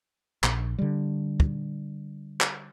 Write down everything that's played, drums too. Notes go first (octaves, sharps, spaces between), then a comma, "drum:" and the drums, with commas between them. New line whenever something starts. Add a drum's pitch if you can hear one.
A#1, drum: clap
D3 G3
drum: kick
drum: clap